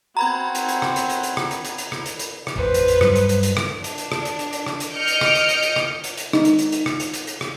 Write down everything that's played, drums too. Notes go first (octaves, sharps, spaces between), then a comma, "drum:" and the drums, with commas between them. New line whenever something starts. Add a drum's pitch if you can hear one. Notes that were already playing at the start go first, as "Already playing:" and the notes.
C4 F#4 A#5 B5 G#6
drum: hi-hat
drum: hi-hat
drum: rim click
drum: hi-hat
drum: hi-hat
drum: hi-hat
drum: rim click
drum: hi-hat
drum: hi-hat
drum: hi-hat
drum: rim click
drum: hi-hat
drum: hi-hat
drum: rim click
A1 F2 B4 C5
drum: hi-hat
drum: hi-hat
G2 F#3 G3, drum: rim click
drum: hi-hat
drum: hi-hat
drum: hi-hat
drum: rim click
D4, drum: hi-hat
drum: hi-hat
drum: rim click
drum: hi-hat
drum: hi-hat
drum: hi-hat
drum: rim click
drum: hi-hat
D#5 F6 G6 C#7 D7
drum: hi-hat
drum: rim click
drum: hi-hat
drum: hi-hat
drum: hi-hat
drum: rim click
drum: hi-hat
drum: hi-hat
D#4, drum: rim click
drum: hi-hat
drum: hi-hat
drum: hi-hat
drum: rim click
drum: hi-hat
drum: hi-hat
drum: hi-hat
drum: rim click